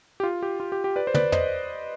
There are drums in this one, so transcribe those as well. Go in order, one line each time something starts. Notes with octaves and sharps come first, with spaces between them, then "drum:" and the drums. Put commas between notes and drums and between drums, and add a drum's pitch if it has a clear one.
G4
F4
G4
F4
G4
G4
B4 D5
C5
B4 D5, drum: tom
C5 D#5, drum: tom